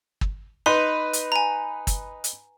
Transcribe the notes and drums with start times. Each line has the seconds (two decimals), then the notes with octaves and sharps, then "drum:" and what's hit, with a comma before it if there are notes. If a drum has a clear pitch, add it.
0.21 drum: kick
0.66 D#4 B4 C6
1.13 drum: hi-hat
1.32 G#5 A#5
1.87 drum: kick, hi-hat
2.24 drum: hi-hat